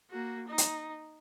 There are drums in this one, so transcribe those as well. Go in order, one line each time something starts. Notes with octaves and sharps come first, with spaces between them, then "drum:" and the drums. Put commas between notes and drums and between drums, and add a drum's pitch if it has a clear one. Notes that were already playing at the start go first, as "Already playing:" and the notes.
A#3 F#4
D#4
drum: hi-hat